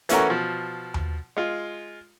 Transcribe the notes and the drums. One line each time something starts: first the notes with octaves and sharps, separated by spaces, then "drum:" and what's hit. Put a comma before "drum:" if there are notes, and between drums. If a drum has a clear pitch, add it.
E3 A3 C#4 F#4 A#4, drum: hi-hat
B2 F3
drum: tom D#2
G#3 F4